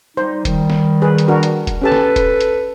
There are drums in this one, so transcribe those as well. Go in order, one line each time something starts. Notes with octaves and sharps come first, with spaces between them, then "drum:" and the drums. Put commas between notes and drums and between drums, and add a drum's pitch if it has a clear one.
G3 D#4 C5
D#3 G3, drum: kick E1, hi-hat
drum: snare
G#4 B4
drum: hi-hat
D4 F#4 A#4
drum: hi-hat
drum: kick E1, hi-hat
C#4 G4 A4 B4 A5
drum: snare
drum: kick E1, hi-hat
drum: hi-hat